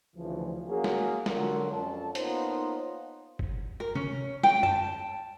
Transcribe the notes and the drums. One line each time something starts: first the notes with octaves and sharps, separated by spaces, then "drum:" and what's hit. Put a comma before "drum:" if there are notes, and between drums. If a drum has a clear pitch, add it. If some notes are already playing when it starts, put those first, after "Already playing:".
D2 C#3 E3 F3
A#3 C#4 F#4 G#4
drum: snare
D3 F#3 G#3 F4 A#4, drum: snare
F2 C#4 A5
A#3 B3 D#4 F4 C5 C#5, drum: hi-hat
drum: kick
A#4
C#4, drum: tom C3
G5, drum: snare
A5, drum: tom F#2